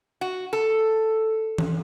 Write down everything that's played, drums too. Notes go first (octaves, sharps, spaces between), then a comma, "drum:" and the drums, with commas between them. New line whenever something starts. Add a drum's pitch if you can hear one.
F#4
A4
drum: tom E3